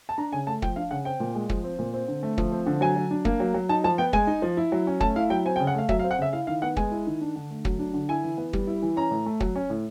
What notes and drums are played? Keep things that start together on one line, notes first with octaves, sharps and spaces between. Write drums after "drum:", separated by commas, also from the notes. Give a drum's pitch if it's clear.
A5
D4 A#5
C#3 G#5
A3 A5
F3 G5, drum: kick
D4 F5
C#3 F#5
C4 G5
A#2
G#3
F3, drum: kick
C4
A#2
C4
D3
A3
F3, drum: kick
C4
D3
F#3 G#5
F#3
D4
A#3, drum: kick
F#3
F#3
D#4 A5
F3 A5
B3 G5
G#3 G#5, drum: kick
D#4
F3
E4
F#3
C#4
A3 A5, drum: kick
E4 F5
F#3 G5
C4 G#5
G5
C#3
F#5
A3 F5
F#3 E5, drum: kick
F5
C4
F#5
C#3 E5
E4 F5
D#3 F5
B3 F#5
G#3 G#5, drum: kick
E4
D#3
D4
D3
A3
F#3, drum: kick
D4
D3
E4 G#5
E3
B3
G3, drum: kick
E4
E3
C#4 A#5
A2
A3
F#3, drum: kick
C#4
A2